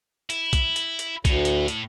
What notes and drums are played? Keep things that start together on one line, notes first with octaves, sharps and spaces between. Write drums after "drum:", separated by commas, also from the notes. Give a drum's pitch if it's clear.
E4, drum: hi-hat
drum: kick A#1, hi-hat
drum: hi-hat
drum: hi-hat
D2 A2, drum: kick A#1, hi-hat
drum: hi-hat
drum: hi-hat